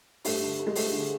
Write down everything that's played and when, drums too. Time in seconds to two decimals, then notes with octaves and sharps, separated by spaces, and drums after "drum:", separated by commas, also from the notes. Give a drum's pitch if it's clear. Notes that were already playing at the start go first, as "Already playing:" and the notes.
0.25 G2 A3, drum: open hi-hat
0.41 D3
0.59 G2
0.67 G#3
0.75 G2 A3, drum: open hi-hat
0.92 D3